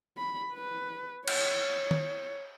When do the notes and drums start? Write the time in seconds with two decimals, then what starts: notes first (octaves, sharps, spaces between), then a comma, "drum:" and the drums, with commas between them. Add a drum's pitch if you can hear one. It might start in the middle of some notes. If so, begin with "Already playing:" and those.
0.17 B5
0.53 B4
1.28 C#5, drum: cymbal
1.91 drum: tom D#3